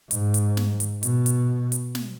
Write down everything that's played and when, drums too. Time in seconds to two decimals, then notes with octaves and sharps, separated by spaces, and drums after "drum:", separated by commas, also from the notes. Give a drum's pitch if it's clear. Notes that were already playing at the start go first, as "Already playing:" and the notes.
0.11 G#2, drum: hi-hat
0.34 drum: hi-hat
0.57 drum: snare
0.80 drum: hi-hat
1.03 B2, drum: hi-hat
1.26 drum: hi-hat
1.72 drum: hi-hat
1.95 drum: snare